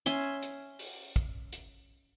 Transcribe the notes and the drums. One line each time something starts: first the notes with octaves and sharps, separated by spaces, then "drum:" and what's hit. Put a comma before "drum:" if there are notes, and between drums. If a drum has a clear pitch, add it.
C#4 E5 C6, drum: hi-hat
drum: hi-hat
drum: open hi-hat
drum: kick, hi-hat
drum: hi-hat